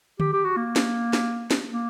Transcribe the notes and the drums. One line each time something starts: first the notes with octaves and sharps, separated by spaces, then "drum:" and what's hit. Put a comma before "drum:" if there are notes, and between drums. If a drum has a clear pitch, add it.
G4, drum: tom
G4
F#4
A#3
drum: snare
drum: snare
drum: snare
A#3